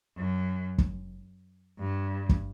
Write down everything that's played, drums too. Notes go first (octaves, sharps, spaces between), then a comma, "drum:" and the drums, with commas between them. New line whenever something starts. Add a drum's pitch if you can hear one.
F#2
drum: kick G1
G2
drum: kick G1